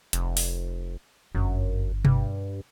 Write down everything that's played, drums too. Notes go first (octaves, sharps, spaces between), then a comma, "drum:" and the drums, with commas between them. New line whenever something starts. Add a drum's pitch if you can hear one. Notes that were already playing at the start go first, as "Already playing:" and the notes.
F1, drum: hi-hat
drum: open hi-hat
G1 F#2
G2, drum: tom B2